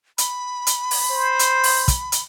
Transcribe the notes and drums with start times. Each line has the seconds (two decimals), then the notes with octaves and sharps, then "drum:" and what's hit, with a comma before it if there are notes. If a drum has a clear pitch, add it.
0.18 B5, drum: hi-hat
0.67 drum: hi-hat
0.91 drum: open hi-hat
1.10 C5
1.39 drum: hi-hat
1.64 drum: open hi-hat
1.88 drum: kick, hi-hat
2.12 drum: hi-hat